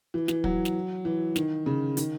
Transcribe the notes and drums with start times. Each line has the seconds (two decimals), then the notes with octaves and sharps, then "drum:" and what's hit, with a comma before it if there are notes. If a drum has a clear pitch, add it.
0.14 E3
0.28 E3, drum: snare
0.44 F#3, drum: kick
0.65 drum: snare
1.05 E3
1.36 D#3, drum: snare
1.66 C#3
1.97 D#3, drum: hi-hat